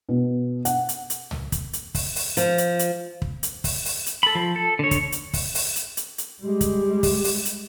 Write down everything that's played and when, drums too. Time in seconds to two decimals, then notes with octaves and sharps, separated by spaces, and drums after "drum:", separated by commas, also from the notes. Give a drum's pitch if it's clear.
0.09 B2
0.65 F#5, drum: hi-hat
0.89 drum: hi-hat
1.10 drum: hi-hat
1.31 drum: tom
1.52 drum: kick, hi-hat
1.73 drum: hi-hat
1.95 drum: kick, open hi-hat
2.16 drum: open hi-hat
2.37 F3, drum: hi-hat
2.58 drum: hi-hat
2.79 drum: hi-hat
3.22 drum: kick
3.43 drum: hi-hat
3.64 drum: kick, open hi-hat
3.85 drum: open hi-hat
4.06 drum: hi-hat
4.23 A4 B5
4.35 F3
4.56 A4
4.79 D3 C#5
4.91 drum: kick, hi-hat
5.12 drum: hi-hat
5.33 drum: kick, open hi-hat
5.55 drum: open hi-hat
5.76 drum: hi-hat
5.97 drum: hi-hat
6.18 drum: hi-hat
6.43 G3 G#3 G4
6.61 drum: kick, hi-hat
7.03 drum: kick, open hi-hat
7.24 drum: open hi-hat
7.45 drum: hi-hat